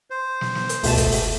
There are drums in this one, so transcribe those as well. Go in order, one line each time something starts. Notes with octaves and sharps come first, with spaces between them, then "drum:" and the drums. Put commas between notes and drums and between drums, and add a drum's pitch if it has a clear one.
C5
drum: snare
drum: snare
drum: hi-hat
C#2 B2 A3 A5, drum: open hi-hat
drum: kick, hi-hat
drum: open hi-hat